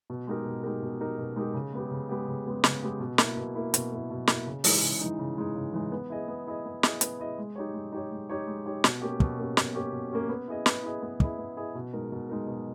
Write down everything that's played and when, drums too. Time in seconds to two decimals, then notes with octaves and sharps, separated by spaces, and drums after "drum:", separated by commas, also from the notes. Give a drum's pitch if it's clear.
0.10 B2
0.27 G#3 D#4 G4 A#4
0.45 B2
0.63 G#3 D#4 G4 A#4
0.82 B2
1.00 G#3 D#4 G4 A#4
1.18 B2
1.36 G#3 D#4 G4 A#4
1.54 C#3
1.73 G#3 B3 G4
1.91 C#3
2.09 G#3 B3 G4
2.28 C#3
2.46 G#3 B3 G4
2.64 C#3, drum: snare
2.83 G#3 B3 G4
3.00 B2
3.18 A#3 E4, drum: snare
3.37 B2
3.55 A#3 E4
3.74 B2, drum: hi-hat
3.92 A#3 E4
4.10 B2
4.27 A#3 E4, drum: snare
4.47 C#3
4.64 E3 G#3 D#4, drum: open hi-hat
4.83 C#3
5.01 E3 G#3 D#4
5.19 C#3
5.37 E3 G#3 D#4
5.56 C#3
5.74 E3 G#3 D#4
5.92 B3
6.10 E4 G#4 D#5
6.28 B3
6.47 E4 G#4 D#5
6.65 B3
6.83 E4 G#4 D#5, drum: snare
7.01 B3, drum: hi-hat
7.19 E4 G#4 D#5
7.38 G#3
7.56 D#4 G4 C#5
7.74 G#3
7.92 D#4 G4 C#5
8.11 G#3
8.29 D#4 G4 C#5
8.47 G#3
8.66 D#4 G4 C#5
8.84 B2, drum: snare
9.02 A#3 C#4 G4
9.20 B2, drum: kick
9.38 A#3 C#4 G4
9.57 B2, drum: snare
9.74 A#3 C#4 G4
9.92 B2
10.12 A#3 C#4 G4
10.29 B3
10.48 E4 G#4 D#5
10.66 B3, drum: snare
10.83 E4 G#4 D#5
11.02 B3
11.20 E4 G#4 D#5, drum: kick
11.38 B3
11.57 E4 G#4 D#5
11.75 B2
11.93 G#3 D#4 A#4
12.12 B2
12.29 G#3 D#4 A#4
12.47 B2